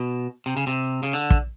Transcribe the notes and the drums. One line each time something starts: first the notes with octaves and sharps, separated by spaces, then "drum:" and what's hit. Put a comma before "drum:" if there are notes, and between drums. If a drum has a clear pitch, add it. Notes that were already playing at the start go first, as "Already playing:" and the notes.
Already playing: B2
C3
C#3
C3
C#3
D3
drum: kick